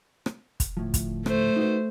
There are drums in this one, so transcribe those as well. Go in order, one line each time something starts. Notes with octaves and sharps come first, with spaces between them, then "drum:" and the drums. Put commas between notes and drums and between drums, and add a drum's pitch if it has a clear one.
drum: rim click
drum: kick, hi-hat
D2 A2 F3
drum: kick, hi-hat
A3 C5, drum: rim click
D#4 F#4 B4